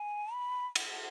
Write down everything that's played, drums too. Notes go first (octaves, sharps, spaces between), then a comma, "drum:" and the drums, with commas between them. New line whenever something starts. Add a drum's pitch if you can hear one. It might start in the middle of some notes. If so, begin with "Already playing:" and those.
Already playing: G#5
B5
drum: cymbal